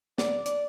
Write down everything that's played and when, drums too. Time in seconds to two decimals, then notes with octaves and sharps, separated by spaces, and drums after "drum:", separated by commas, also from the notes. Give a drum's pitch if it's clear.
0.18 D5, drum: snare
0.46 D5, drum: hi-hat